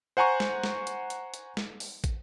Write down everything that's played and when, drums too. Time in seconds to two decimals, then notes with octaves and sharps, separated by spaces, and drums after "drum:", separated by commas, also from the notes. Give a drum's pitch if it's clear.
0.17 C5 F#5 G#5 A#5 C#6
0.40 drum: snare
0.64 drum: snare
0.87 drum: hi-hat
1.10 drum: hi-hat
1.34 drum: hi-hat
1.57 drum: snare
1.80 drum: open hi-hat
2.04 drum: kick, hi-hat